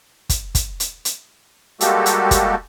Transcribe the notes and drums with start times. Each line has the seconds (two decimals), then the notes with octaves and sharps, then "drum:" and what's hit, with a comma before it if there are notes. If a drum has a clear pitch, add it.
0.29 drum: kick, hi-hat
0.55 drum: kick, hi-hat
0.80 drum: hi-hat
1.05 drum: hi-hat
1.81 G3 G#3 A#3 F#4 G4 A4, drum: hi-hat
2.06 drum: hi-hat
2.31 drum: kick, hi-hat